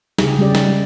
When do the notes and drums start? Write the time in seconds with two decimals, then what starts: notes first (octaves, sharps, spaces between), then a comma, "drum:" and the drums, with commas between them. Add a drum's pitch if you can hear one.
0.19 C#3 G4 G#4, drum: snare
0.38 G3 G#3 C#4 G4 D5
0.55 drum: snare